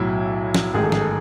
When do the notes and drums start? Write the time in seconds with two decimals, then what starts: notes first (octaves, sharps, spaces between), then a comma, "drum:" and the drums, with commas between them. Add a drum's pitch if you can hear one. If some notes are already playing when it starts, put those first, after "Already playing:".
Already playing: B1 A2 F#3 E4
0.54 drum: snare
0.74 A1 G#2 D#3 G#4
0.84 A4
0.92 G#4, drum: snare
1.01 A4